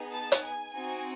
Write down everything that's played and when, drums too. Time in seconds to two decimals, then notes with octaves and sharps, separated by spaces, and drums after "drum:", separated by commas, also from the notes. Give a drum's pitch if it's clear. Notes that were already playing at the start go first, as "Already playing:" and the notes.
Already playing: B3 D#4 G#4
0.12 A5
0.32 drum: hi-hat
0.43 G#5
0.73 C4 D#4 F#4 G#5